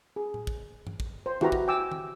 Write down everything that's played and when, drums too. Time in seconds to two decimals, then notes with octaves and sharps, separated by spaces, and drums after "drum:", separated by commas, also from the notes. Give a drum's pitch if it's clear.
0.16 G#4
0.34 drum: tom A2
0.47 drum: kick
0.87 drum: tom G2
1.00 drum: kick
1.26 C5
1.41 E4 F#4 G4 B4 A#5, drum: tom D#3
1.52 drum: kick
1.68 G5 G#5 D6 E6
1.92 drum: tom D#3